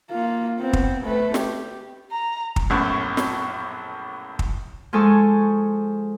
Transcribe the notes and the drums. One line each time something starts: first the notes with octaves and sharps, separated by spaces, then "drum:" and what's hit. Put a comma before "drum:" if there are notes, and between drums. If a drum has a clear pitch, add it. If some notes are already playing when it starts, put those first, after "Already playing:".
A#3 F4
B3 C4
drum: kick
A3 B4
G4, drum: snare
A#5
drum: kick
A#1 F#2 A2 B3 C#4
drum: snare
drum: kick
F3 G#3 G#4 A4 G#5 C#6